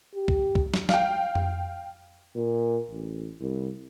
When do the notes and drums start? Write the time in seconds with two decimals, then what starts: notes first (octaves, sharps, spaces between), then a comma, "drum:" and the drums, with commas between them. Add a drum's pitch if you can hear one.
0.15 G4
0.28 drum: kick
0.55 drum: kick
0.74 drum: snare
0.89 F5 G5, drum: snare
1.35 drum: tom F2
2.35 A#2
2.90 A1
3.41 C2